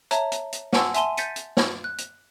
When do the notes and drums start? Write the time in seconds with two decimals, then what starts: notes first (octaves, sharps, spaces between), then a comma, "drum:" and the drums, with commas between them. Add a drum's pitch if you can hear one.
0.11 C#5 E5 A5 A#5, drum: hi-hat
0.32 drum: hi-hat
0.53 drum: hi-hat
0.73 F#5 G#5 A5 C6 E6, drum: snare
0.94 E5 G#5 A5 C6 D#7 G7, drum: hi-hat
1.17 G6 A6 B6 C#7 D#7, drum: hi-hat
1.36 drum: hi-hat
1.57 drum: snare
1.84 F#6
1.98 drum: hi-hat